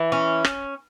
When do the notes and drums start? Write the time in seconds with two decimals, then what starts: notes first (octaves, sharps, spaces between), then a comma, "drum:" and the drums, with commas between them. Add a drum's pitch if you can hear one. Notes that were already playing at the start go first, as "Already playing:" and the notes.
Already playing: E3
0.12 C#4
0.45 drum: rim click